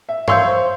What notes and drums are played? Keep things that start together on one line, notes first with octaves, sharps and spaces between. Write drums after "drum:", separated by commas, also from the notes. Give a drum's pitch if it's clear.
E5
C#5 F5 C6 E6 G6, drum: tom G2
C5